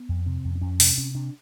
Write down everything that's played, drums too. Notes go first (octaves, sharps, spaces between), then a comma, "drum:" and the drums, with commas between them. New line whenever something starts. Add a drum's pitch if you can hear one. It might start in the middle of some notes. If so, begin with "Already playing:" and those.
Already playing: B3
F2
C3 C4
F2
C4
F2 C#4
C3, drum: open hi-hat
C3 C#4
C3 D4